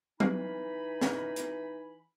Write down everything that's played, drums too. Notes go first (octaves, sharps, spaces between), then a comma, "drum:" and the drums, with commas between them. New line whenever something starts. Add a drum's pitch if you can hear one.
E3 D#4 G#5 B5, drum: tom F#3
drum: snare
drum: hi-hat